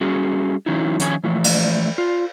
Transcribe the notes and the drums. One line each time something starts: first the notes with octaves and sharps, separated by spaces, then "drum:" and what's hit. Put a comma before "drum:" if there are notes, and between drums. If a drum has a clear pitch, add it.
G3 C#4 F#4 G#4
E3 F#3 C#4 D#4 E4
D#3 F3 C#4 C#5 F#5 G#5, drum: hi-hat
E3 F3 A3
drum: cymbal
F4